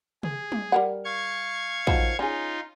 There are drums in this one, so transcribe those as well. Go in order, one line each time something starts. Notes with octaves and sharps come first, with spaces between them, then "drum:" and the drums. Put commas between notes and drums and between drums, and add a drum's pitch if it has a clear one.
G#4, drum: tom
drum: tom
G3 A#4 F#5
F5 C#6 G#6
D#3 F3 F#3, drum: kick
C#4 D#4 F4 G#4